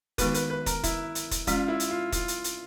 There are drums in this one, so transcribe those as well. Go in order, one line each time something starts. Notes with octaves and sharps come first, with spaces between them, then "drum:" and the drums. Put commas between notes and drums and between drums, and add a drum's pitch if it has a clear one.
D#3 G#3 B3 D#4 F#4 B4, drum: kick, hi-hat
B4, drum: hi-hat
B4
A#4, drum: kick, hi-hat
E4, drum: kick, hi-hat
drum: hi-hat
drum: kick, hi-hat
F3 G#3 C#4 F4, drum: kick, hi-hat
E4
drum: hi-hat
F4
F4, drum: kick, hi-hat
drum: hi-hat
drum: hi-hat